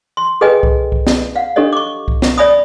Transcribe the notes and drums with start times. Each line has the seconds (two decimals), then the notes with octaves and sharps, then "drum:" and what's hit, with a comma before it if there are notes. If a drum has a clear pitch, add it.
0.17 C6
0.41 G#4 A4 B4 D#5 G5 G#5
0.63 drum: kick C2
0.92 drum: kick C2
1.07 drum: snare
1.35 F5 F#5
1.56 D4 G4 A4 C#5 D#5
1.73 C#6 D6
2.08 drum: kick C2
2.22 drum: snare
2.38 C#5 D5 E5 G#5 B5 D#6